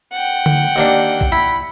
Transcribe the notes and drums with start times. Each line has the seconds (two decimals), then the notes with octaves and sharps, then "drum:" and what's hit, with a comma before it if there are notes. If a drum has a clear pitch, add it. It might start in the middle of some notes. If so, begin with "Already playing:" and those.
0.13 F#5 G5
0.46 drum: tom D3
0.76 D#2 A#3 D4
1.21 drum: kick B1
1.32 E4 B5